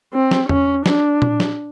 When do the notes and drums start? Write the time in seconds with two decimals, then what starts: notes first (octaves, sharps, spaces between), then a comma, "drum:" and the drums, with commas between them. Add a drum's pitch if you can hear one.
0.13 C4
0.31 drum: snare
0.49 C#4, drum: tom E2
0.86 D4, drum: snare
1.22 drum: tom A#2
1.40 drum: snare